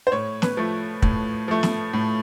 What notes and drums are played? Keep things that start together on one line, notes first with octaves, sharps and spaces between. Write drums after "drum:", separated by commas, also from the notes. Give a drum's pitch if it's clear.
C5
A2 C#5
B4, drum: snare
F3 A3
A2, drum: kick
F3 A3
drum: snare
A2